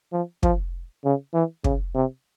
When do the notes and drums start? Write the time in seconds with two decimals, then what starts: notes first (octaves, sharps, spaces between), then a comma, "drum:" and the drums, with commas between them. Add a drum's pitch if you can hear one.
0.12 F3
0.43 F3, drum: kick
1.04 C#3
1.34 E3
1.64 C#3, drum: kick
1.95 C3